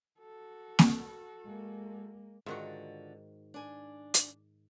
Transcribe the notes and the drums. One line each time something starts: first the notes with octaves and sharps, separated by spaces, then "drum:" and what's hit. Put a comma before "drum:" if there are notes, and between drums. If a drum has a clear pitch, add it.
F#4 A4
drum: snare A#3
G#3 A#3
G#2 D3 D#3 F4 F#4
D4 G#5
drum: hi-hat